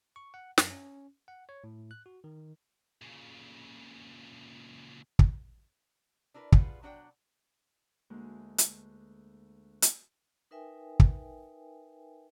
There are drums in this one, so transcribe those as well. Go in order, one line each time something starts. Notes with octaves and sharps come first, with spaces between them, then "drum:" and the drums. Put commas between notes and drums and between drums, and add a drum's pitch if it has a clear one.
C#6
F#5
F#2, drum: snare
C#4
F#5
C#5
A2
F#6
F#4
D#3
A#2 C#3
drum: kick
D4 E4 A#4 B4
G3 F4 G#4 B4 F5 F#5, drum: kick
B2 F#3 D4 D5 F#5 G5
D2 G#3 A#3
drum: hi-hat
drum: hi-hat
D#4 A#4 B4 E5 G5 G#5
drum: kick